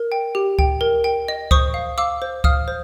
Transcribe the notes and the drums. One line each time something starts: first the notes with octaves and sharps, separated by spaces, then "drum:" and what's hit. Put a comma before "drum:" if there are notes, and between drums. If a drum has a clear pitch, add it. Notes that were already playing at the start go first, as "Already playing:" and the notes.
Already playing: A#4
G5
G4
G5, drum: kick C#2
A#4
G5
D#5
C5 C#6 D#6, drum: kick C#2
F5
F5 D6 E6
C5
F5 D#6 F6, drum: kick C#2
C5